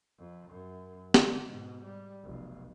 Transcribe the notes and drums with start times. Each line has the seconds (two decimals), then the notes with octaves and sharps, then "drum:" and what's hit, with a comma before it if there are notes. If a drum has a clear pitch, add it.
0.19 F2
0.50 F#2
1.14 D3, drum: snare
1.46 G#2 B2
1.83 G3
2.23 F1 B1